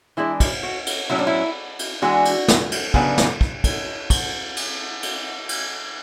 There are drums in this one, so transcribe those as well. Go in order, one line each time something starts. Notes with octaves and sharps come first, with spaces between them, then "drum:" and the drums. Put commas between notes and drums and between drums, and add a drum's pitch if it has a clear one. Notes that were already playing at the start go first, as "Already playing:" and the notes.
E3 G#3 D4 E4
drum: kick, cymbal
F#4
drum: cymbal
A2 F#3 C#4 E4
D4
E4
drum: cymbal
E3 G#3 D4 F#4
drum: cymbal
drum: snare
drum: cymbal
C#3 F#3 B3 D4, drum: kick
drum: snare
drum: kick
drum: kick, cymbal
drum: kick, cymbal
drum: cymbal
drum: cymbal
drum: cymbal